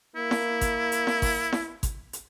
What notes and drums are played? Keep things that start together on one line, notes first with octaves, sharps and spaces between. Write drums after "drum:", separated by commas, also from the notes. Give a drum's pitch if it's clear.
A#3 E4
drum: snare E4
drum: kick G#1, hi-hat
drum: hi-hat
drum: snare E4
drum: kick G#1, open hi-hat
drum: snare E4
drum: kick G#1, hi-hat
drum: hi-hat